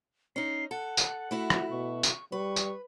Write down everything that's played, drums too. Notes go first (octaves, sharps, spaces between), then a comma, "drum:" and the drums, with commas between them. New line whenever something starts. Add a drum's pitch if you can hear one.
C#4 D#4 C7
A4 F#5
drum: tambourine
A3 E4 F#4
drum: rim click
B2 C#6
drum: tambourine
G3 B4 C#6
drum: tambourine